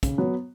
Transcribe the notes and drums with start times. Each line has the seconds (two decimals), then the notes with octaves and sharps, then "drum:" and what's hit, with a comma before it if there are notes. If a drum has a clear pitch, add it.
0.03 C#3, drum: kick, hi-hat
0.18 F#3 B3